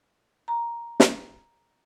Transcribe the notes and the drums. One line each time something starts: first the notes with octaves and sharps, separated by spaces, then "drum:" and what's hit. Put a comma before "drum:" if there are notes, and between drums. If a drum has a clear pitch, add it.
A#5
drum: snare